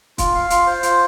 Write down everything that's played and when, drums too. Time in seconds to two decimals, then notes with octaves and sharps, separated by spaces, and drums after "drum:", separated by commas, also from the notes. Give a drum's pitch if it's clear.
0.18 F4, drum: kick, hi-hat
0.35 F5
0.50 F4, drum: hi-hat
0.67 C5
0.83 F4, drum: hi-hat